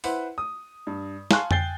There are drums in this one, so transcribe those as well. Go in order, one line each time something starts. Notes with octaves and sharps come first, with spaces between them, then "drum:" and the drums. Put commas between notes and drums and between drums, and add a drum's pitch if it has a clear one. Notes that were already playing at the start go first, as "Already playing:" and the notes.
E4 B4 C5 F#5, drum: open hi-hat
D#6
G2
F5 G#5 A5 C6 C#6 F#6, drum: snare
G5 G#5 G6 A6 C7 G7, drum: tom F2